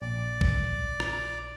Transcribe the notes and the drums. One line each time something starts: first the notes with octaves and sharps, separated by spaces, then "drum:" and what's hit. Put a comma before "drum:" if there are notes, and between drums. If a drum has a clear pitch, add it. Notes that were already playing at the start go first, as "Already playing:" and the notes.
A#1 D5
drum: kick
drum: rim click